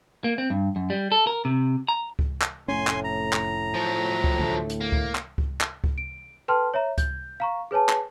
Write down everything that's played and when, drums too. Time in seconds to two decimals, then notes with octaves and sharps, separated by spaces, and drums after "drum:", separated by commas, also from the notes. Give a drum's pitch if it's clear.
0.24 A#3
0.38 C4
0.50 G2
0.76 F#2
0.90 G3
1.12 A4
1.27 A#4
1.45 C3
1.88 A#5
2.19 drum: kick C#2
2.42 drum: clap
2.68 F1 A2 A3 C#4 G#5 C6
2.87 drum: clap
3.04 A#5
3.33 drum: clap
3.74 F3 F#3
4.24 drum: kick C#2
4.39 D2 A3
4.70 drum: hi-hat
4.81 A#3
4.92 drum: kick C#2
5.15 drum: clap
5.38 drum: kick C#2
5.61 drum: clap
5.84 drum: kick C#2
5.98 D7
6.48 A4 B4 G5 A5 C6 F6
6.74 C#5 E5 A#5
6.98 G6, drum: kick C#2, hi-hat
7.40 F5 A#5 C#6
7.71 G#4 B4 C#5 G#5 A5
7.89 drum: clap